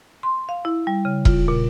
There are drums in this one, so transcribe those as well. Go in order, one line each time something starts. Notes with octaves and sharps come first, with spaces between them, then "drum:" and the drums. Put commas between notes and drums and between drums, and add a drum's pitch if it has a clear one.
C6
F5
E4
G3
C#3
F4, drum: kick E1
A#2